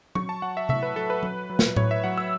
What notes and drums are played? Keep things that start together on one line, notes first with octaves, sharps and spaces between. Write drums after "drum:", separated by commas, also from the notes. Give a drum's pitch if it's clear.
F#3 C#6, drum: tom
A5
F#3 F#5
E5
A2 E5, drum: tom C3
B4
F#3 A4
B4
F#3, drum: tom
F#3
drum: snare
A2 C#5, drum: tom A2
E5
F#3 F#5
E6